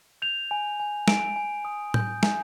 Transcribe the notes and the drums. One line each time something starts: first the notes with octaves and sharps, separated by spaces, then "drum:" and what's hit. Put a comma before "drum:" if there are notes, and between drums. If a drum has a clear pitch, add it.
G6 F7
G#5
G#5
G#5 D7, drum: snare
G#5
D#6
G6, drum: tom A2
G#5, drum: snare